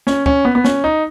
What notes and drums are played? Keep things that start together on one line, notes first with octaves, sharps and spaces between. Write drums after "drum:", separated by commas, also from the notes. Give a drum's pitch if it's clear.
C#4, drum: snare
C#4, drum: kick
B3
B3
C#4, drum: snare
D#4